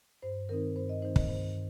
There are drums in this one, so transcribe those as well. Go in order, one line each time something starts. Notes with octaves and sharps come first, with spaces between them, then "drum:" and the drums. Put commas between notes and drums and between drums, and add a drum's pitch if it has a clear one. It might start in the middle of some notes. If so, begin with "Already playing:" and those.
G2 C5
D#3 C4 D#4 A#4
G2 C5
D#5
D#3 C4 D#4 C5
D#5, drum: kick
G2 C5